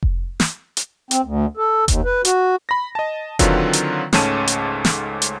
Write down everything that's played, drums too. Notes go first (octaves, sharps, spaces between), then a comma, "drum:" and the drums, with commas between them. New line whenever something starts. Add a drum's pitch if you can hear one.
drum: kick F1
drum: snare
drum: hi-hat
C4, drum: hi-hat
D2
A4
D#2, drum: kick F1, hi-hat
B4
F#4, drum: hi-hat
B5 A#6
D#5 A5
D3 D#3 F#3 C4 F4 B4, drum: kick F1, hi-hat
drum: hi-hat
C#2 G#2 A3 C#4 A5 D#7, drum: snare
drum: hi-hat
drum: snare
drum: hi-hat